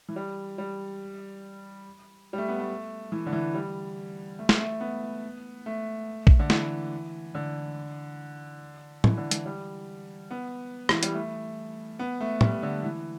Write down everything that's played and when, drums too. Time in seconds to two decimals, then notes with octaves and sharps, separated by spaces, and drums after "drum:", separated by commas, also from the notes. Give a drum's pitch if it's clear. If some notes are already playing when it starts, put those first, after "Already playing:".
0.09 E3
0.16 G3
0.58 G3
2.33 G3
2.38 A3
2.48 B3
2.60 A3
3.12 E3
3.26 D3
3.33 E3
3.54 G3
4.39 A3
4.49 drum: snare
4.60 A3
4.80 B3
5.66 A3
6.27 drum: kick A#1
6.39 D3
6.50 E3, drum: snare
7.35 D3
9.04 E3, drum: tom A2
9.18 D3
9.31 E3, drum: hi-hat
9.46 G3
10.31 B3
10.89 E3, drum: rim click
11.03 G3, drum: hi-hat
11.15 A3
11.99 B3
12.20 A3
12.41 G3, drum: tom A2
12.63 D3
12.83 E3